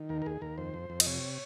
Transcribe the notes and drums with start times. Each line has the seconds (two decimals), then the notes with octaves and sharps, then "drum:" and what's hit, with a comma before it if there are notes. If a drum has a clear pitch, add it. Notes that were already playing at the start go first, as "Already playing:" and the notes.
Already playing: D#3
0.09 D#2 A#4
0.22 A#4
0.26 D#2 G#4
0.41 D#2 A#4
0.58 F2 C5
0.74 F2
0.90 F2
1.00 D#5, drum: cymbal
1.06 C3 C#5